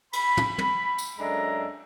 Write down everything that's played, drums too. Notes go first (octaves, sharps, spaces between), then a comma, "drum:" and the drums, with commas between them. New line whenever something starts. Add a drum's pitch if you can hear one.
B5, drum: cymbal
drum: tom
drum: tom
drum: tambourine
F#2 G#3 D4 A4 E5 A#5